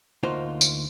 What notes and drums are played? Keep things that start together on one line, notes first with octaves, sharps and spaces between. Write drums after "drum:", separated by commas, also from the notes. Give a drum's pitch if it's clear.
D2 A#3 D#4 F4 C5
drum: tambourine